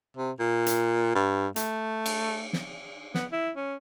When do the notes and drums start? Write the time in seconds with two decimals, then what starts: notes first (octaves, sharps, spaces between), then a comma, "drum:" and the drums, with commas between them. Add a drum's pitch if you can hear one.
0.17 C3
0.40 A#2
0.66 drum: hi-hat
1.15 G2
1.56 A3, drum: hi-hat
2.06 drum: cymbal
2.53 drum: snare
3.15 B3, drum: snare
3.32 E4
3.56 C#4